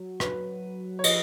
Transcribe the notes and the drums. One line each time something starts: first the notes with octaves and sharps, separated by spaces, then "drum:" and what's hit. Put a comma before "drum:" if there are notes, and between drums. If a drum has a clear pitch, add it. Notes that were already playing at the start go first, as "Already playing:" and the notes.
Already playing: F#3
B4, drum: rim click
C#5
F3 D#5, drum: cymbal